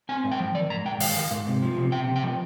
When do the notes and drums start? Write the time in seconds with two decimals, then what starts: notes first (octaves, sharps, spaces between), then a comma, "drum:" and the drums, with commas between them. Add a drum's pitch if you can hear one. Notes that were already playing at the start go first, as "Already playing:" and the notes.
0.09 C4 G#5
0.24 G#2
0.32 G5
0.39 F3
0.55 D#3 D5
0.70 G#2 A#5
0.85 G#2 G5
1.00 D#3 F5, drum: open hi-hat
1.16 D#3
1.31 G#2
1.47 C3
1.62 F3
1.77 C3
1.92 C3 G5
2.08 C3
2.16 G5
2.23 F3